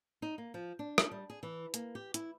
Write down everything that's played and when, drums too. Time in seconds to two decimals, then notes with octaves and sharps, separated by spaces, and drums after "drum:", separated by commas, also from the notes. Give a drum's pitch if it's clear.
0.22 D#4
0.38 A#3
0.54 F3
0.79 D4
0.98 drum: rim click
1.11 G3
1.30 G#4
1.43 E3
1.74 A#3, drum: hi-hat
1.95 G4
2.14 E4, drum: hi-hat